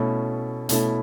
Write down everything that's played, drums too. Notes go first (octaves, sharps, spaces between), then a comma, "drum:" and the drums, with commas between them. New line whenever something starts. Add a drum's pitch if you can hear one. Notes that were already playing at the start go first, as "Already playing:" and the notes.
Already playing: B2 A3 C#4 E4 A4
B2 A3 C#4 E4 A4, drum: hi-hat